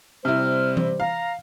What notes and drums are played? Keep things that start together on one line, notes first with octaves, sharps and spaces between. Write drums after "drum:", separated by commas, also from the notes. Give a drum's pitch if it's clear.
C3 G3 E4 C5 F6
drum: tom E3
F5 A#5